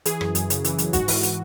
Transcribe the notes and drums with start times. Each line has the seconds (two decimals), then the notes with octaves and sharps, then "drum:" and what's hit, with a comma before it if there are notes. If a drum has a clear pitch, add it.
0.05 E3 G#4, drum: hi-hat
0.21 F#2, drum: rim click
0.35 F#2, drum: hi-hat
0.50 C#3, drum: hi-hat
0.64 E3, drum: hi-hat
0.78 F#2, drum: hi-hat
0.93 G#2 F#4, drum: kick, hi-hat
1.08 E3, drum: open hi-hat
1.23 drum: hi-hat